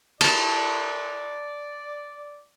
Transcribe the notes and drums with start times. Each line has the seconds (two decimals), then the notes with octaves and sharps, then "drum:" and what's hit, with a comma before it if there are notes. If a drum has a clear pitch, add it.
0.21 D5 A5, drum: cymbal